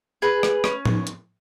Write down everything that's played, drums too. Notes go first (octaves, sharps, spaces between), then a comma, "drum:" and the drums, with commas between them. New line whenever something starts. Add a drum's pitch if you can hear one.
G#4 B4
drum: rim click
C#4, drum: rim click
drum: tom
drum: hi-hat